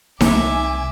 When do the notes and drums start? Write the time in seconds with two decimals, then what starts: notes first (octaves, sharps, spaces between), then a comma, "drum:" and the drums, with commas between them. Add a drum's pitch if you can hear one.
0.21 C2 E5 G#5 D6, drum: snare D#4